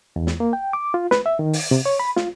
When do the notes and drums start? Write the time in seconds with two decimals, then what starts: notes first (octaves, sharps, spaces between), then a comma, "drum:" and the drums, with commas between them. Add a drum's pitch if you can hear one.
0.16 E2
0.27 drum: snare
0.40 A#3
0.53 G5
0.73 D6
0.94 F4
1.11 B4, drum: snare
1.26 E5
1.39 D#3
1.53 drum: open hi-hat
1.71 C3
1.86 C#5
2.00 B5
2.16 F4, drum: snare